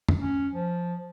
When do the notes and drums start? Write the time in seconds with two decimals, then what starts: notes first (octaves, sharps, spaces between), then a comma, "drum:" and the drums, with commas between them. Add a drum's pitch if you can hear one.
0.09 drum: tom F2
0.20 C#4
0.54 F3